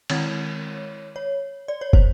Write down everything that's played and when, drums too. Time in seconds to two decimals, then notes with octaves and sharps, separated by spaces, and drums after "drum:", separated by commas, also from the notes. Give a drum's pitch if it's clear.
0.10 D#3 G#3 C4 E4 C#5, drum: cymbal
1.16 C#5
1.68 D5
1.81 C#5
1.93 C5, drum: kick